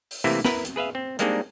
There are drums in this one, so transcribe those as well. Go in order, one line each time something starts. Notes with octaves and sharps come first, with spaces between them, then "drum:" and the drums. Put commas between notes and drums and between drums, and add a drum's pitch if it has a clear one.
drum: open hi-hat
C3 E3 A3 A#3 C4 E4
E4 A#4 B4, drum: snare
drum: hi-hat
G#4 B4 E5 F5
C4
G3 G#3 A#3 C4 D4 D#4, drum: hi-hat